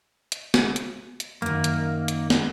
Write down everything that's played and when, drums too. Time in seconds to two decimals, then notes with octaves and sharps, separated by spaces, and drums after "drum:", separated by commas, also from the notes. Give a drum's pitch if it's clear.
0.32 drum: hi-hat
0.54 drum: snare
0.76 drum: hi-hat
1.20 drum: hi-hat
1.42 F#2 D#3 A#3
1.64 drum: hi-hat
2.08 drum: hi-hat
2.30 drum: snare